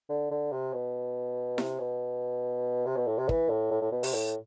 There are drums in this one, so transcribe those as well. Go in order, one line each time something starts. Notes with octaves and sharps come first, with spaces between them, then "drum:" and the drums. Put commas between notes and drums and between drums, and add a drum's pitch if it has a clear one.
D3
D3
C3
B2
C3, drum: snare E4
B2
C3
B2
A2
C3
E3, drum: kick
A2
A2
A2
B2
C3, drum: open hi-hat
A2